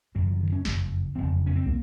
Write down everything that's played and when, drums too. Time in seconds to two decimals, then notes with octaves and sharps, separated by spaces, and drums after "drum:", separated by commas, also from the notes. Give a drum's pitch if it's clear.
0.15 F#1 F#2 C#3 F#3
0.27 F3
0.40 D#3
0.52 C#4
0.65 F#1 F2 C#3, drum: snare
1.15 F#1 F2 C#3 C4
1.46 C#4
1.56 C4
1.66 A#3, drum: kick